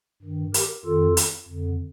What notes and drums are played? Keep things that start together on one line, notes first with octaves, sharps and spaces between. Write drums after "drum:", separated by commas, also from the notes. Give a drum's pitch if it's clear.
G2 D#3
G4 A#4, drum: hi-hat
F2 D#3 F4 A4
drum: hi-hat
F2 D3